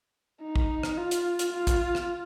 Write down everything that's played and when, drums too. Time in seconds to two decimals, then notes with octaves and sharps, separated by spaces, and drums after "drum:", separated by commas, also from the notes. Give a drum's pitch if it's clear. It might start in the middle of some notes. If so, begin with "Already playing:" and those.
0.42 D#4
0.56 drum: kick
0.83 drum: rim click
0.98 F4
1.11 drum: hi-hat
1.39 drum: hi-hat
1.53 F4
1.67 drum: kick, hi-hat
1.95 drum: rim click